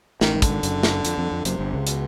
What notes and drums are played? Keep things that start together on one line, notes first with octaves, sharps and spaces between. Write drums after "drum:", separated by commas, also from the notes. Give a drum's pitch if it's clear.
A1 A2 D#3, drum: snare
G#1 G#2
D3, drum: kick, hi-hat
G#1 G#2
F#1 F#2, drum: hi-hat
drum: snare
F2, drum: hi-hat
F2
F2
F#1 F#2 C3, drum: hi-hat
G1 G2
C#2 C#3
B2, drum: hi-hat